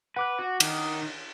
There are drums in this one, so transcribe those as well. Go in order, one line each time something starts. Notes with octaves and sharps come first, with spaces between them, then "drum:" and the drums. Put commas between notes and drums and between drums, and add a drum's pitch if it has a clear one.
B4 F#5 D6 F#6
F#4
D#3, drum: cymbal